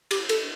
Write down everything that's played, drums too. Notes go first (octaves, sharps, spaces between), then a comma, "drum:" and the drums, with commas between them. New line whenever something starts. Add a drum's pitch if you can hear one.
G4, drum: cymbal
A4, drum: cymbal